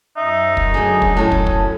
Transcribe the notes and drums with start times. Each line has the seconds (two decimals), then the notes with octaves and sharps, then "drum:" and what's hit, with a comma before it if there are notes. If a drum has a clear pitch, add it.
0.17 F#2 D#4 E5
0.57 drum: kick
0.74 D3 A3 G#4
1.02 drum: kick
1.17 A2 C#4 A4 A5
1.32 drum: kick
1.47 drum: kick